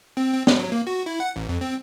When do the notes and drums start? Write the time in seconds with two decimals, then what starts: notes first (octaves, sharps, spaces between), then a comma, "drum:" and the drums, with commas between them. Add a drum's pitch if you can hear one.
0.17 C4
0.33 C4
0.47 G#3, drum: snare
0.59 F#3
0.72 A#3
0.87 F#4
1.06 E4
1.20 F#5
1.36 A1
1.49 F2
1.61 C4